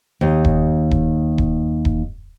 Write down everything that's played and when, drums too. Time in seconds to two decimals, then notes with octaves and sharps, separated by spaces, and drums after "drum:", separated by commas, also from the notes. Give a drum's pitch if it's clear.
0.21 D#2 D#4
0.45 drum: kick D#1
0.91 drum: kick D#1
1.38 drum: kick D#1
1.85 drum: kick D#1